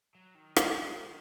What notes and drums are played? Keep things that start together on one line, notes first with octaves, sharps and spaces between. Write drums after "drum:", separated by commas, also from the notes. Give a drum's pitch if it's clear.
F#3
D#3
C#3, drum: rim click
F3
D#3